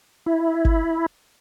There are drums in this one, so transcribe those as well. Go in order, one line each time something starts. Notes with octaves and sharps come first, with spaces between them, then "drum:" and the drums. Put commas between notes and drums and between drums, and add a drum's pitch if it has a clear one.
E4
drum: kick G1